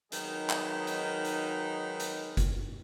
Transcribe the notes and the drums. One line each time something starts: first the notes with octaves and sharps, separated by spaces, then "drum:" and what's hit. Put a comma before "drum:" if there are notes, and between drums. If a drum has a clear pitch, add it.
D#3 F#3 G#3 D#4 G#4 B4, drum: hi-hat
drum: clap
drum: hi-hat
drum: hi-hat
drum: hi-hat
drum: kick F#1, hi-hat